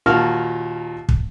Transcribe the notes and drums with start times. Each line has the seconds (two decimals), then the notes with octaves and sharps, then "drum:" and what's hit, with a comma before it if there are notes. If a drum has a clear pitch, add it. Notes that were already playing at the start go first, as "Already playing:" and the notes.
0.06 D#2 A#2 F#4 A#4 A5 F6
1.09 drum: kick